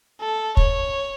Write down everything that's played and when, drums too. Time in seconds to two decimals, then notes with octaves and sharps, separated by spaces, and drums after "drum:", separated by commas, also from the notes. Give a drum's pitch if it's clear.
0.20 A4
0.57 C#5, drum: kick